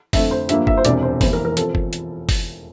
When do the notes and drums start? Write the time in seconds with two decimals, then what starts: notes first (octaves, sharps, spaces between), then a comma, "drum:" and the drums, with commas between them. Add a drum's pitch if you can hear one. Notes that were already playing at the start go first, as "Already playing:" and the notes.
0.13 F2 D3 A3 C4 E5, drum: kick F#1, open hi-hat
0.31 C5
0.49 G2 F3 A#3 E5, drum: hi-hat
0.67 E5, drum: kick F#1
0.77 C5
0.85 E1 D2 C3 D5, drum: hi-hat
1.03 C5
1.21 F1 E2 E3 A#3 C5, drum: kick F#1, open hi-hat
1.33 A#4
1.45 A#4
1.57 F3 C4 A4, drum: hi-hat
1.75 drum: kick F#1
1.93 drum: hi-hat
2.29 drum: kick F#1, open hi-hat